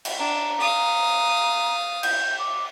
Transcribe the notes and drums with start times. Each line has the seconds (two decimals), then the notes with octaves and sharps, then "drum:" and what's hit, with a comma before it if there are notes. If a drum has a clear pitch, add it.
0.05 drum: cymbal
0.19 D4 A#5
0.60 F5 D#6
2.03 G6, drum: cymbal
2.39 D6